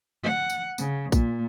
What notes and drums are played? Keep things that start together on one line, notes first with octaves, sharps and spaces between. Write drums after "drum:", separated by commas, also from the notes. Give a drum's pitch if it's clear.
F#5
drum: tambourine
C#3, drum: tambourine
A#2, drum: kick A#1, tambourine